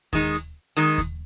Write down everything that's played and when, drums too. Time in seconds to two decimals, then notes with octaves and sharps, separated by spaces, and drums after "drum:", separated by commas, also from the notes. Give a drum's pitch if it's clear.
0.13 D#3 G#3 D#4, drum: kick D#2, hi-hat
0.34 drum: hi-hat
0.76 D#3 G#3 D#4, drum: hi-hat
0.98 drum: kick D#2, hi-hat